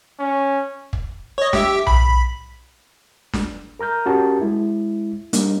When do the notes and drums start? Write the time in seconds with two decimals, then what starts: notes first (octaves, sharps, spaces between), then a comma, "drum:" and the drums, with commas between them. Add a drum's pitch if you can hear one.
0.19 C#4
0.93 drum: kick
1.38 C#5 D#5
1.53 G4 E5, drum: snare
1.87 B5, drum: tom B1
3.33 drum: snare
3.79 A#4 A#5 F6 G6
4.06 C#4 F#4 G4 A#4 A5
4.41 G#3 E4
5.33 G3 A#3 D4 D#4, drum: hi-hat